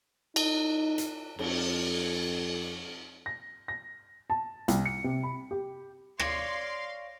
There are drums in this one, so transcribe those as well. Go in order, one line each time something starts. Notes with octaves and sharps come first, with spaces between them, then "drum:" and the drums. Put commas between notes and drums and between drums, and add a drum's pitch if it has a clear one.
D#4, drum: cymbal
drum: hi-hat
F2, drum: cymbal
A#6
A#6
A5
C2, drum: hi-hat
C#7
C3
B5
G4
C#5 D5 F5 C6 A#6, drum: rim click